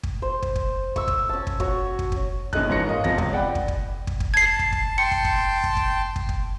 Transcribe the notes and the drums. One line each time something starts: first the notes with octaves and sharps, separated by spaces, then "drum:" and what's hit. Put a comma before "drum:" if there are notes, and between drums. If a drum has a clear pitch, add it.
drum: kick
C5
drum: kick
drum: kick
C#6 E6, drum: kick
drum: kick
C#4 A5
drum: kick
F#4 C#5, drum: kick
drum: kick
drum: kick
A#1 C#4 D#4 A4 D#5 F#6, drum: kick
G#2 E3 F3 C#5 A#6 C#7
A#4 D#5 F5
E1 F3 C4 A#6, drum: kick
C#2, drum: kick
D5 F#5 G5 B5
drum: kick
drum: kick
drum: kick
drum: kick
A5 G#6 C7
drum: kick
drum: kick
G5 A5 C6 C#7
drum: kick
drum: kick
drum: kick
drum: kick
drum: kick
drum: kick